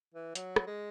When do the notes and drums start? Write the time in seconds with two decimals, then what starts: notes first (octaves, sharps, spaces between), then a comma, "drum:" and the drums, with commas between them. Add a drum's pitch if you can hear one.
0.15 E3
0.35 F#3, drum: hi-hat
0.56 drum: rim click
0.67 G#3